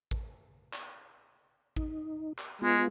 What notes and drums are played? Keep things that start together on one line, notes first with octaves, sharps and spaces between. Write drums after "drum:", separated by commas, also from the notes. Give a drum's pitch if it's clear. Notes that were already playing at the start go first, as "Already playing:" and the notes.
drum: kick A1
drum: clap
D#4, drum: kick A1
drum: clap
G#3 B3 F4